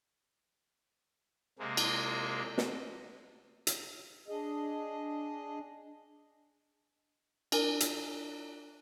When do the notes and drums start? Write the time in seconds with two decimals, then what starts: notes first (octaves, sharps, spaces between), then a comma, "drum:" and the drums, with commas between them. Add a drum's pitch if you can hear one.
1.59 C3 G#3 A#3
1.77 drum: cymbal
2.58 drum: snare
3.67 drum: hi-hat
4.28 D4 G#4 D#5
7.52 D4 A#4 D5 G#5, drum: cymbal
7.80 drum: hi-hat